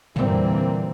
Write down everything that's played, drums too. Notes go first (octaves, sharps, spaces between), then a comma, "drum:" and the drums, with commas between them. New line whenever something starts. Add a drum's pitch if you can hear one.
A#2 D3 E3 G3 A#3 C4, drum: tom